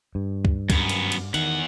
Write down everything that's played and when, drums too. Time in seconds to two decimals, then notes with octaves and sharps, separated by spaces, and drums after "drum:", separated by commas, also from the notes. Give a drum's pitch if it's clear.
0.15 G2
0.45 drum: kick C#2
0.70 F#2 B3, drum: kick C#2, cymbal
0.89 drum: cymbal
1.12 drum: cymbal
1.34 E2 D#3 F#5, drum: cymbal